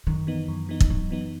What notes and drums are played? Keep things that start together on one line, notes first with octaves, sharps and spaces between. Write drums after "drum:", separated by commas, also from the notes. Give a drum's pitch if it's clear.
F#2 D#3
E3 B3 D#4
F#2
E3 B3 D#4
drum: kick
F#2 F#3
E3 B3 D#4